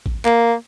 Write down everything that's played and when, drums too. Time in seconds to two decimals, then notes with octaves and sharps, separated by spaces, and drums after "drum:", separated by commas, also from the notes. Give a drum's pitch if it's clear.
0.06 drum: kick
0.25 A#3, drum: clap